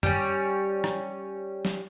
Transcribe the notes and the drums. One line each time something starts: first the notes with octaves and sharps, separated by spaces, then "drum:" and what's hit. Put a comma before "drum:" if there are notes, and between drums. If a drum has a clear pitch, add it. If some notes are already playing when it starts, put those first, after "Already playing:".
G3 C#4, drum: tom F#2
drum: rim click
drum: snare